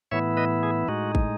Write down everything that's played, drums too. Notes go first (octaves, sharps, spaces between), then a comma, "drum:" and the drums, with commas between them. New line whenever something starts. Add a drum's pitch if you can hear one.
A2 E3 B3 E4 C#5 E5
B4 D#5
G#4
A2 G#3 D#4 F#4
drum: kick